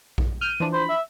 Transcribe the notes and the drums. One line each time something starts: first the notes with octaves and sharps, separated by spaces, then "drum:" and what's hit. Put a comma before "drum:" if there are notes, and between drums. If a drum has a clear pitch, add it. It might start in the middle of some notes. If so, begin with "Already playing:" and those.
drum: kick A#1
F6 G6 D#7
E3 F3 D4
C5 B5
E5